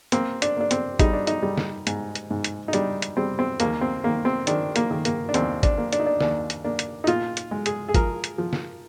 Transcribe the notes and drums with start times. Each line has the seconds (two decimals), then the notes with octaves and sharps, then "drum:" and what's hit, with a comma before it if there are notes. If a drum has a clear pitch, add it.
0.12 A#3 C4, drum: hi-hat
0.42 D4, drum: hi-hat
0.56 A#3 D4
0.71 C4, drum: hi-hat
0.99 G3 D#4, drum: kick, hi-hat
1.13 D4
1.27 D#4, drum: hi-hat
1.42 G3
1.58 drum: snare
1.87 G#2, drum: hi-hat
2.15 drum: hi-hat
2.31 G#2
2.44 drum: hi-hat
2.68 D#4
2.73 G3 D4, drum: hi-hat
3.02 drum: hi-hat
3.17 G3 C4
3.39 C4
3.60 D#2 A#3, drum: hi-hat
3.81 C4
4.04 D#3 A#3
4.25 C4
4.47 D#3 D4, drum: hi-hat
4.76 A#3, drum: hi-hat
4.91 D#3
5.05 A#3, drum: hi-hat
5.29 D4
5.34 D#2 C4, drum: hi-hat
5.63 D4, drum: kick, hi-hat
5.78 A#3
5.93 D4, drum: hi-hat
6.00 D#4
6.06 D4
6.21 D#2 D4, drum: snare
6.50 drum: hi-hat
6.64 A#3 D4
6.79 drum: hi-hat
7.04 D#4
7.07 A#2 F4, drum: hi-hat
7.37 drum: hi-hat
7.51 G#3
7.66 G#4, drum: hi-hat
7.88 G#4
7.94 F3 A#4, drum: kick, hi-hat
8.24 drum: hi-hat
8.38 F3
8.53 drum: snare